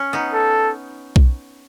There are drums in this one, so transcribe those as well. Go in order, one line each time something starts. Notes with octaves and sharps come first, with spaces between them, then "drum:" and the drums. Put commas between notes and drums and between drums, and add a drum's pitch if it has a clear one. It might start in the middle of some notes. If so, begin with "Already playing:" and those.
Already playing: C#4
B3 D#4
A4
drum: kick B1